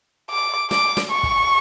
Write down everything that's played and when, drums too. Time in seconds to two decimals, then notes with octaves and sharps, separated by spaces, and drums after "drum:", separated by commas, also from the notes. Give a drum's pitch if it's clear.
0.30 D6
0.71 D6, drum: snare
0.97 drum: snare
1.10 C#6
1.23 drum: kick